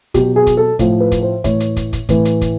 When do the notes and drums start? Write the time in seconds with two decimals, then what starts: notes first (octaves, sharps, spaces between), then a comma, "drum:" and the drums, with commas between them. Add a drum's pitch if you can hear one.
0.14 B2 F#3 G4, drum: kick, hi-hat
0.36 G#4
0.47 drum: kick, hi-hat
0.57 A4
0.79 A2 F3, drum: kick, hi-hat
1.00 B4
1.12 drum: kick, hi-hat
1.23 C5
1.44 A2 E3 C#5, drum: kick, hi-hat
1.60 drum: hi-hat
1.76 drum: kick, hi-hat
1.93 drum: kick, hi-hat
2.09 A2 E3, drum: kick, hi-hat
2.25 drum: hi-hat
2.41 drum: kick, hi-hat